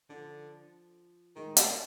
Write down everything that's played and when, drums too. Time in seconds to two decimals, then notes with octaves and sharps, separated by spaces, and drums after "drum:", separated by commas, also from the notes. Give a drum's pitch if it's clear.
0.09 D3 F3
1.36 D#3 G#3
1.57 A#3, drum: hi-hat